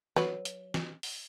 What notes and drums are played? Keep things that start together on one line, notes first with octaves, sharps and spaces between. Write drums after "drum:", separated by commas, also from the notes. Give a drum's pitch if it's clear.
F#3 B4, drum: snare
drum: hi-hat
drum: snare
drum: open hi-hat